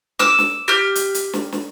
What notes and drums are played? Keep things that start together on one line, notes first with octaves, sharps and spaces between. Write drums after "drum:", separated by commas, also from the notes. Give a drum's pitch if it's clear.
D6 E6, drum: snare
drum: snare
G4 F6
drum: hi-hat
drum: hi-hat
drum: snare
drum: snare